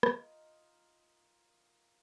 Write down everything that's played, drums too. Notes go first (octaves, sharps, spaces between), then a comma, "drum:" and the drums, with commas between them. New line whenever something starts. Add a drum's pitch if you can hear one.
D#4 F4 A#4 D#5, drum: rim click